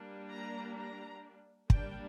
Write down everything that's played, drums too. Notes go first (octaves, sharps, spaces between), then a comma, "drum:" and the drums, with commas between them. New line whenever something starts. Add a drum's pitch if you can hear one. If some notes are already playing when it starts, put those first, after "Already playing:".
Already playing: G3 A#3 D4
A#5
A#5
G3 A#3 D4 G5, drum: kick